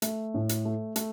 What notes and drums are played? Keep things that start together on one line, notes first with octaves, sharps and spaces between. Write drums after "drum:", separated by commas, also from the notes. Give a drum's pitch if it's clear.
A3, drum: hi-hat
A2
drum: hi-hat
A3
A3, drum: hi-hat